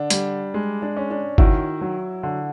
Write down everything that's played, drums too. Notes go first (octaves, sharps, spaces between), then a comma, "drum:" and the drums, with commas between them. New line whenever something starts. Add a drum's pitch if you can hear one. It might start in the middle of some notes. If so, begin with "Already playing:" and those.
Already playing: D3 D4
G3, drum: hi-hat
G#3
D4
C#4
D4
D#3 E4 F#4, drum: kick
F#3
D3